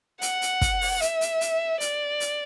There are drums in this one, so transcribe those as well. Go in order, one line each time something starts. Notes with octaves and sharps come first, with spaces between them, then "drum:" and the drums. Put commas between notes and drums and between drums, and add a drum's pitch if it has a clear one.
F#5, drum: hi-hat
drum: hi-hat
drum: kick, hi-hat
drum: open hi-hat
E5, drum: hi-hat
drum: hi-hat
drum: hi-hat
D5, drum: hi-hat
drum: hi-hat